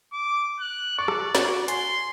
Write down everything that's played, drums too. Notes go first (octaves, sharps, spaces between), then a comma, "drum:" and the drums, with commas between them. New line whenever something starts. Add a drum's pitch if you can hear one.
D6
F#6
D5 C#6
drum: rim click
F#4, drum: snare
G#5 C6, drum: hi-hat